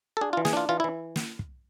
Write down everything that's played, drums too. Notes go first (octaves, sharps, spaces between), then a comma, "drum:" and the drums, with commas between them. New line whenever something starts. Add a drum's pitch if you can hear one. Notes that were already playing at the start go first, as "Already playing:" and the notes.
A4
D4 G#4
F4
E3
G#4, drum: snare
D4 F4
E3 F4
E4
E3
drum: snare
drum: kick